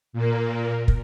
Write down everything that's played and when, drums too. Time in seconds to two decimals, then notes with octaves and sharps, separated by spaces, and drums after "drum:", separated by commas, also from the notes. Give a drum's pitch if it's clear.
0.13 A#2 A#3
0.88 drum: kick